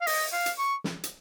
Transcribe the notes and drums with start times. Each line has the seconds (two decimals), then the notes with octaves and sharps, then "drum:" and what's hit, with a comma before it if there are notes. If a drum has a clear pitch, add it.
0.01 F5
0.07 D#5, drum: open hi-hat
0.33 F5
0.46 drum: hi-hat
0.58 C#6
0.84 drum: snare
1.03 drum: hi-hat